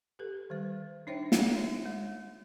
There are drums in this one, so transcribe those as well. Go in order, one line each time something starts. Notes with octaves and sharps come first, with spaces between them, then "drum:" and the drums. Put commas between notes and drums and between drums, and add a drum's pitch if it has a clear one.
G4 A4 B4
D#3 G3 C5
D4 D#4 C5 C#5 E5 G5
drum: snare
D#4 C#5 E5
G#3